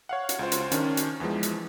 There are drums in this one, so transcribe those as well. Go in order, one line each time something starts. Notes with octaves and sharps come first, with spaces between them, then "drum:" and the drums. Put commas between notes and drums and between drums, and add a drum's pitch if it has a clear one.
C#5 F5 F#5
drum: hi-hat
C#2 F4 C5
drum: hi-hat
D#3 C#4 D4, drum: hi-hat
drum: hi-hat
E2 E3 F3 G#3
drum: hi-hat